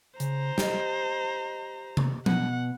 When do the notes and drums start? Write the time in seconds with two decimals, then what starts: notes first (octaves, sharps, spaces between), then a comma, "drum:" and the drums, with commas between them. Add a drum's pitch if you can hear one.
0.20 C#3 C5 A#5, drum: hi-hat
0.58 G4 D#5, drum: snare
1.97 drum: tom C3
2.26 B2 B3 F#5, drum: tom F3